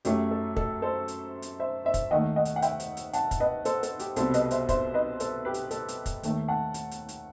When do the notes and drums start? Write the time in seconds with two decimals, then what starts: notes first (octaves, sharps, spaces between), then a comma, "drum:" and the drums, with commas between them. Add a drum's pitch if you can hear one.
0.05 F#2 F#3 A3 G4, drum: hi-hat
0.31 A4
0.56 A4, drum: kick
0.82 A4 C5
1.08 drum: hi-hat
1.42 drum: hi-hat
1.60 C5 E5
1.85 C5 E5
1.94 drum: kick, hi-hat
2.11 D#2 D#3 A3 D#5 F#5
2.36 D#5 F#5
2.45 drum: hi-hat
2.56 F#5
2.62 E5 G5, drum: hi-hat
2.80 drum: hi-hat
2.97 drum: hi-hat
3.13 F#5 A5, drum: hi-hat
3.31 drum: kick, hi-hat
3.40 B4 D#5
3.65 A4 C5, drum: hi-hat
3.83 A4, drum: hi-hat
3.99 G4, drum: hi-hat
4.16 C2 B2 G3 A4 C5, drum: hi-hat
4.34 B4 D#5, drum: hi-hat
4.51 C5 E5, drum: hi-hat
4.69 C5 E5, drum: kick, hi-hat
4.94 B4 D#5
5.20 A4 C5, drum: hi-hat
5.45 G4 B4
5.54 drum: hi-hat
5.71 A4, drum: hi-hat
5.88 drum: hi-hat
6.06 drum: kick, hi-hat
6.23 D#2 D#3 A3, drum: hi-hat
6.48 F#5 A5
6.74 drum: hi-hat
6.91 drum: hi-hat
7.09 drum: hi-hat